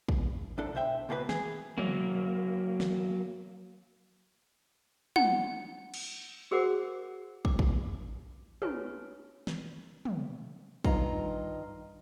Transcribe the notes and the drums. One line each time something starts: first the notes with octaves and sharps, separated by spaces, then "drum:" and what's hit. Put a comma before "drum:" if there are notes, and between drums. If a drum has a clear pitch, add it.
drum: kick
C2 D4 A4
B2 C5 E5 G5
C#2 B2 A#3 G4 B4
G#4, drum: snare
F#3 A#3, drum: tom
drum: snare
F#5, drum: tom
drum: cymbal
F#4 G#4 A#4 C5 F#5 D6
D6, drum: kick
drum: kick
B4 C#5 G#5, drum: tom
drum: snare
drum: tom
G2 D#3 F4 D#5 A#5, drum: kick